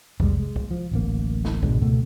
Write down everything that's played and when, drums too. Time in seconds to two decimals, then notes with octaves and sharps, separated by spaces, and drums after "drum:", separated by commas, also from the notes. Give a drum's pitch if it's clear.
0.20 F1 C2 G3 G#3, drum: kick
0.40 G#3
0.56 drum: kick
0.71 F3
0.91 D1 A1 A#3
1.45 drum: snare
1.63 G#1 B2 G#3 D4, drum: kick
1.81 C#2 B2 A3